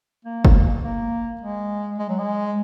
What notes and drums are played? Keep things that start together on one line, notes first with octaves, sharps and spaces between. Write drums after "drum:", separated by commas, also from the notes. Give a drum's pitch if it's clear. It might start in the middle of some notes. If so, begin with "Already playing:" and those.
A#3
drum: kick F#1
A#3
G#3
G#3
F#3
G#3